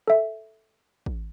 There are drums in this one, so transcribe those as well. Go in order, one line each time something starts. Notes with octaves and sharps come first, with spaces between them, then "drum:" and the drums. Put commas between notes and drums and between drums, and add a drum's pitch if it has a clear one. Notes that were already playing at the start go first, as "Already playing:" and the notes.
A4 E5
drum: kick